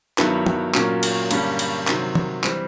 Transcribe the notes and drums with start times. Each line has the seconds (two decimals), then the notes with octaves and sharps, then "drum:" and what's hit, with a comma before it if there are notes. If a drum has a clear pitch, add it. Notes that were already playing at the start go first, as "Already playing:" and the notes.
0.18 G2 D#3 F#3 B3 E4, drum: clap
0.46 drum: tom
0.74 A#2 F#3 A#3 C#4, drum: clap
1.03 drum: cymbal
1.31 G2 D3 G3 A#3 C#4, drum: cymbal
1.59 drum: cymbal
1.87 C3 D#3 F#3, drum: clap
2.15 drum: tom
2.44 E3 G3 C4, drum: clap